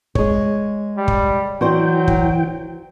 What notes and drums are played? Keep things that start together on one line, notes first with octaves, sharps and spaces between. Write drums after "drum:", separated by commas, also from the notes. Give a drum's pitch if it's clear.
G#3 C#5, drum: kick
G3
drum: kick
E3 F#3 F#4 C5 D5 G5
drum: kick